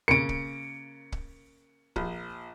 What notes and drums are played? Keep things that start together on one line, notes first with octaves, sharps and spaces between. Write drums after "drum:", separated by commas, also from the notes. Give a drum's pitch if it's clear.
C#3 A#3 C#7 D7
drum: kick
drum: kick
A#1, drum: kick